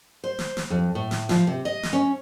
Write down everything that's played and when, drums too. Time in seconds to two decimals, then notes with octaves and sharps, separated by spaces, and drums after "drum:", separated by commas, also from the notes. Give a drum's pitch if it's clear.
0.24 C5
0.39 drum: snare
0.57 drum: snare
0.70 F2
0.95 A2
1.11 drum: snare
1.29 F3, drum: snare
1.47 C3
1.65 D#5
1.83 drum: snare
1.93 C#4